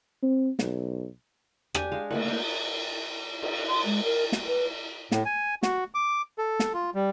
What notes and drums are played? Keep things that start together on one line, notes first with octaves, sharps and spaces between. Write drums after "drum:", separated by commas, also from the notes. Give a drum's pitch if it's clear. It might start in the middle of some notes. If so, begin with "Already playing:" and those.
C4
B1, drum: snare
D4 G4 G#5, drum: rim click
G#3 F5
A3 A#3 F#5, drum: cymbal
A#3 C5
drum: cymbal
C6
G#3
A#4
F#4, drum: snare
B4
A2, drum: snare
G#5
F#4, drum: snare
D6
A4
drum: snare
F4
G3